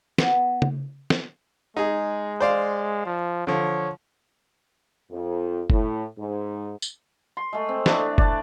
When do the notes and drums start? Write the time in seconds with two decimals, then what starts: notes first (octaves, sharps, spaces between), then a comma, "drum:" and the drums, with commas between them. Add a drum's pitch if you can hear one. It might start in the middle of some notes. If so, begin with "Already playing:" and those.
0.18 B3, drum: snare
0.62 drum: tom C#3
1.10 drum: snare
1.77 G#3 D#4 G#4
2.40 C5 D5 F5
3.05 F3
3.47 D3 F3 C#5
5.10 F2
5.70 A2, drum: kick F#1
6.19 G#2
6.82 drum: tambourine
7.37 C6
7.53 G#3 A3
7.69 C4
7.86 E3 A3 D4 B4, drum: snare
8.18 D5 A5, drum: kick F#1